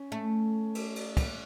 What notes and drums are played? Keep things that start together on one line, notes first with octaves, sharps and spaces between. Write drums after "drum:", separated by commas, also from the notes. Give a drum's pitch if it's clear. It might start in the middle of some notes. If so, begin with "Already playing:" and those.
Already playing: C#4
A3
drum: cymbal
drum: cymbal
drum: kick, cymbal